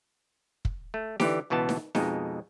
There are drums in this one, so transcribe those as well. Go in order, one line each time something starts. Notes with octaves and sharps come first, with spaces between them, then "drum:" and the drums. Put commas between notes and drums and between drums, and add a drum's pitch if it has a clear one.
drum: kick
A3
D3 E3 G4, drum: snare D#4
C#2 B2 E3 B3 A5
drum: snare D#4
F2 B2 G#3 D#4, drum: snare D#4